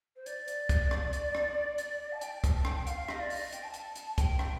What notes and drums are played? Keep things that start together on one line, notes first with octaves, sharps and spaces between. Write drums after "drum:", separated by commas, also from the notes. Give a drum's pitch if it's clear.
C5
D5, drum: hi-hat
drum: hi-hat
drum: kick, hi-hat
drum: rim click
drum: hi-hat
drum: rim click
drum: hi-hat
A5
G5, drum: hi-hat
A5, drum: kick, hi-hat
A5
G5, drum: rim click
G5
F5, drum: hi-hat
F5
D#5, drum: rim click
D5
D#5, drum: open hi-hat
G5, drum: hi-hat
A5
drum: hi-hat
drum: hi-hat
G5, drum: kick, hi-hat
G5, drum: rim click